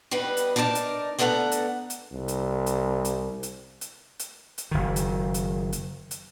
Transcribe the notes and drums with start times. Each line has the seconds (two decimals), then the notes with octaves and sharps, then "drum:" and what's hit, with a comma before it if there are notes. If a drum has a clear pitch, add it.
0.11 D#3 G3 B3 B4
0.37 drum: hi-hat
0.56 D4 D#4 A#4 C#5 A5
0.75 drum: hi-hat
1.19 A3 B3 D4 A4 F#5 A#5
1.52 drum: hi-hat
1.90 drum: hi-hat
2.12 C2
2.28 drum: hi-hat
2.66 drum: hi-hat
3.05 drum: hi-hat
3.43 drum: hi-hat
3.81 drum: hi-hat
4.19 drum: hi-hat
4.58 drum: hi-hat
4.71 F#1 D#3
4.96 drum: hi-hat
5.34 drum: hi-hat
5.73 drum: hi-hat
6.11 drum: hi-hat